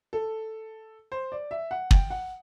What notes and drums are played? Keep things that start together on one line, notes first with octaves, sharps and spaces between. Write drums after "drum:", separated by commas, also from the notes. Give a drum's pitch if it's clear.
A4
C5
D5
E5
F#5
G5, drum: kick
F#5